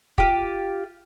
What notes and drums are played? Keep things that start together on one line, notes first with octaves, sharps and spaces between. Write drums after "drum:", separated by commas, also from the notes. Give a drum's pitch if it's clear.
F4 G4, drum: kick